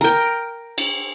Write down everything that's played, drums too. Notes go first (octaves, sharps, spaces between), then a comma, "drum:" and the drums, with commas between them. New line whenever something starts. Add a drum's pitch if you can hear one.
A#4 G5
drum: cymbal